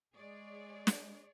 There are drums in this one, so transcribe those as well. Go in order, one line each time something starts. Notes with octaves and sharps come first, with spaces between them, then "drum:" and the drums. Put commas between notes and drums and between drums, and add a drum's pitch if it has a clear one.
G#3 G#4 C#5 D5
drum: snare